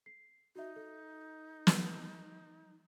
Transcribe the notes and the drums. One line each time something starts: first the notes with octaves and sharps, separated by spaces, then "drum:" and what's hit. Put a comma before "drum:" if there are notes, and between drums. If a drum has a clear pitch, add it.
C7
D#4 F#4 E5
A4
drum: snare